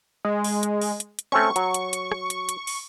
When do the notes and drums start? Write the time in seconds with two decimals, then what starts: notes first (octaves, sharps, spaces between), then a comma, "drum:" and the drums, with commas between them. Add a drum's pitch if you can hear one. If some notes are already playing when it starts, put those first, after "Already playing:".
0.25 G#3
0.44 drum: open hi-hat
0.63 drum: hi-hat
0.82 drum: open hi-hat
1.00 drum: hi-hat
1.19 drum: hi-hat
1.32 A3 C4 C#4 C#6
1.56 F#3, drum: hi-hat
1.74 drum: hi-hat
1.93 drum: hi-hat
2.12 drum: rim click
2.30 drum: hi-hat
2.49 drum: hi-hat
2.67 drum: open hi-hat